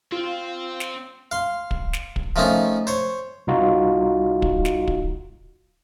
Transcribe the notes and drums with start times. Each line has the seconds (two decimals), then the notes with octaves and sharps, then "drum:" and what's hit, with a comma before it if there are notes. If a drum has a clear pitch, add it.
0.12 C4 F4
0.80 drum: snare
1.31 F5 C6
1.71 drum: kick
1.93 drum: snare
2.16 drum: kick
2.36 F3 A3 A#3 C#4 D#4 F4
2.87 C5 C#5
3.47 C2 D#4 F4 F#4
4.42 drum: kick
4.65 drum: snare
4.87 drum: kick